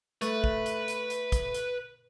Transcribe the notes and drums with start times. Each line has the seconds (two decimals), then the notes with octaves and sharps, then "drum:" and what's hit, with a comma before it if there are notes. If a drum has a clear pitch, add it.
0.22 A3 B4, drum: hi-hat
0.44 drum: kick
0.66 drum: hi-hat
0.88 drum: hi-hat
1.10 drum: hi-hat
1.32 drum: kick, hi-hat
1.54 drum: hi-hat